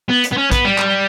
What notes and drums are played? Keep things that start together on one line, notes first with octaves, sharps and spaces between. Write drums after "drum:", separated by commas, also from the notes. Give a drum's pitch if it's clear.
B3
drum: hi-hat
B3
C#4
B3, drum: kick, hi-hat
G3
drum: clap